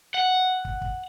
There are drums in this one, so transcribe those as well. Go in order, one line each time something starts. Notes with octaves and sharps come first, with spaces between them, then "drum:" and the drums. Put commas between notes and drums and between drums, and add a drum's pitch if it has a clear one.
F#5
drum: kick
drum: kick